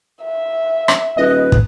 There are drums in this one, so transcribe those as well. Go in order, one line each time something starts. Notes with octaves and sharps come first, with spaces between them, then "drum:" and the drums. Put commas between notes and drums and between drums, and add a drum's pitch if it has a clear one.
E5
drum: rim click
D#1 B4 D#5
drum: kick